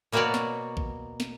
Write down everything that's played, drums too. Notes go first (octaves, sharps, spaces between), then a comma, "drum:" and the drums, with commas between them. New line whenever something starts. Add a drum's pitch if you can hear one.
B2 A#3 F#4 B4 C#5 D5
drum: snare
drum: kick A1
drum: snare